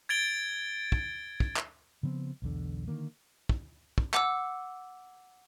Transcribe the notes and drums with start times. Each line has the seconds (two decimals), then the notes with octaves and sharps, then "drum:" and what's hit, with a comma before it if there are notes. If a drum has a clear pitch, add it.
0.09 G#6 A6 D7 G7
0.92 drum: kick
1.40 drum: kick
1.56 drum: clap
2.03 C#3 F3 B3 C4
2.42 B1 E2 D3
2.88 D3 D#3 A#3
3.49 drum: kick
3.98 drum: kick
4.14 F#5 D6 E6, drum: clap